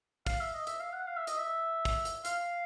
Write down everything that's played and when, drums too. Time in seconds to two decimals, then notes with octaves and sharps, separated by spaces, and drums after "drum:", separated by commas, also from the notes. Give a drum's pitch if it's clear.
0.27 F5, drum: kick, open hi-hat
0.40 E5
0.54 D#5
0.67 E5, drum: hi-hat
0.80 F5
0.93 F#5
1.06 F5
1.17 E5
1.27 D#5, drum: hi-hat
1.38 E5
1.85 drum: kick, open hi-hat
2.05 drum: hi-hat
2.25 F5, drum: hi-hat